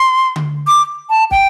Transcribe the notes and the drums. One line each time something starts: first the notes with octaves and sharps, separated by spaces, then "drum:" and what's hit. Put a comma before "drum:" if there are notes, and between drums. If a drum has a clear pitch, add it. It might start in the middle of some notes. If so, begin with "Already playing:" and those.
Already playing: C6
drum: tom D3
D6
A5
G5, drum: kick